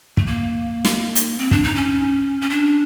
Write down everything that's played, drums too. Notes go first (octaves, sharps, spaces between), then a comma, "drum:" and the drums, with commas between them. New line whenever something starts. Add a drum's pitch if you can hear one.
A3, drum: kick
A#3
drum: snare
drum: hi-hat
C4
D4, drum: kick
D#4
C#4
C#4
D4